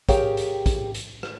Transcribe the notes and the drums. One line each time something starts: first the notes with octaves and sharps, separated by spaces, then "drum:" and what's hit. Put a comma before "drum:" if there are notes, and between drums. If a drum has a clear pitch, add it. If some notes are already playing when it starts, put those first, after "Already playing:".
G4 G#4 A#4 C#5 F5 G5, drum: kick, hi-hat
drum: hi-hat
drum: kick, hi-hat
drum: hi-hat
drum: rim click